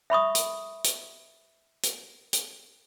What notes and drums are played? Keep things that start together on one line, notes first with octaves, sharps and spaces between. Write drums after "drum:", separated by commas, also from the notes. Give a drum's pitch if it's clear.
E5 B5 C#6 D#6
drum: hi-hat
drum: hi-hat
drum: hi-hat
drum: hi-hat